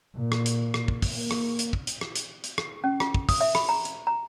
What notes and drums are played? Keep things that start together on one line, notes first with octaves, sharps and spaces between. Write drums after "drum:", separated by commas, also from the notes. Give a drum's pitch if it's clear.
A#2
drum: rim click
drum: hi-hat
drum: rim click
drum: kick
drum: kick, open hi-hat
A#3
drum: rim click
drum: hi-hat
drum: kick
drum: hi-hat
drum: rim click
drum: hi-hat
drum: hi-hat
drum: rim click
C#4
F4, drum: rim click
drum: kick
D#6, drum: kick, open hi-hat
E5
B5, drum: rim click
A#5
drum: hi-hat
A#5